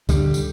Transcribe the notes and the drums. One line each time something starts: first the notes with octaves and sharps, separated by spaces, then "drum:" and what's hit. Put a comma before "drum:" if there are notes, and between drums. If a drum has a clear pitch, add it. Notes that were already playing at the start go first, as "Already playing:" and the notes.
D3 G3, drum: kick, tambourine
drum: tambourine